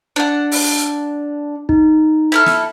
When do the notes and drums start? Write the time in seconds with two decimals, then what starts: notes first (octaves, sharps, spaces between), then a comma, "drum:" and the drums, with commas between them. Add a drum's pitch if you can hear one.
0.16 D4 F#5
0.52 drum: open hi-hat
1.69 D#4, drum: kick
2.32 E4 A4 F6
2.46 drum: snare